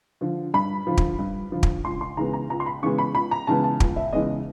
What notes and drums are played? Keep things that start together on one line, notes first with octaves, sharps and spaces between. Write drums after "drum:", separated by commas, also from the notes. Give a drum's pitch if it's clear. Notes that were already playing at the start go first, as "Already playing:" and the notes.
D3 F3
G2 B5
D3 F3
drum: kick
G2
D3 F3
drum: kick
C#2 C6
C6
C#3 E3 G#3 B3 A#5
A#5
C#2 A#5
C6
B5
C#3 E3 G#3 B3 C#6
B5
C#2 B5
A#5
C#3 E3 G#3 B3 A5
A5
C#2, drum: kick
E5
C#3 E3 G#3 B3 D#5